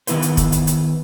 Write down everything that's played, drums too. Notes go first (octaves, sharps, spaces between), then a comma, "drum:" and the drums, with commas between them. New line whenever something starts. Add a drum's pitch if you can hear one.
D#3 B3 E4 B4 C5, drum: hi-hat
drum: hi-hat
drum: kick, hi-hat
drum: hi-hat
drum: hi-hat